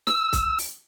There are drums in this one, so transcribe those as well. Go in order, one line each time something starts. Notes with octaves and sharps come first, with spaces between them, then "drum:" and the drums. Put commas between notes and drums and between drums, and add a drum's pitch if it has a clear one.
E6, drum: snare
drum: kick C2, hi-hat
drum: open hi-hat